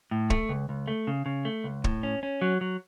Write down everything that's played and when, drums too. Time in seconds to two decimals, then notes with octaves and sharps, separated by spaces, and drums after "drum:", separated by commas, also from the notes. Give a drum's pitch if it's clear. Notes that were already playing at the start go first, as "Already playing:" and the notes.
0.11 A2
0.30 A3, drum: kick
0.49 C#2
0.69 C#2
0.88 A3
1.07 C#3
1.26 C#3
1.45 A3
1.64 C#2
1.84 A2, drum: kick
2.03 C#4
2.23 C#4
2.42 F#3
2.61 F#3